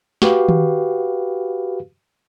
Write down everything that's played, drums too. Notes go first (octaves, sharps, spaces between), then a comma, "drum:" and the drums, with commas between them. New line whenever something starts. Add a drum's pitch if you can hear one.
F#4 G4 B4 F5, drum: snare
drum: tom D#3